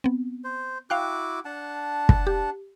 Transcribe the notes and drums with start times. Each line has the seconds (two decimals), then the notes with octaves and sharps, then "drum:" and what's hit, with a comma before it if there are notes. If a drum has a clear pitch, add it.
0.04 B3 C4
0.44 C5
0.90 E4 F#4 F5 G5 D6 F#6
1.45 D4 F#5 A5
2.09 drum: kick
2.27 G4